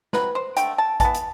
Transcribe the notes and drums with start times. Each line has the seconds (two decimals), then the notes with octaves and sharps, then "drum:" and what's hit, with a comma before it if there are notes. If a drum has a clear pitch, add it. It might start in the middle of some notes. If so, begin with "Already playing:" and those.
0.13 C3 F#3 B4, drum: snare
0.35 C5
0.57 D3 A3 G5, drum: hi-hat
0.78 A5
1.00 E3 B3 A5, drum: kick A1, hi-hat
1.15 drum: hi-hat